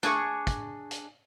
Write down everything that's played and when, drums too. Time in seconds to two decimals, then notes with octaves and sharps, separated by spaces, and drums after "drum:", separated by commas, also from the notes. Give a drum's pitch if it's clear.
0.03 D4 G#4 C#6, drum: snare
0.47 drum: kick, hi-hat
0.91 drum: hi-hat